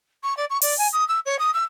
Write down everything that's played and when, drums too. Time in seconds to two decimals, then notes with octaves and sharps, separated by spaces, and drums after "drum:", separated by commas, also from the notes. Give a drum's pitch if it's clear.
0.23 C#6
0.37 D5
0.50 C#6
0.62 D5, drum: open hi-hat
0.78 G#5
0.92 D#6
1.08 E6
1.25 C#5
1.39 D#6
1.53 E6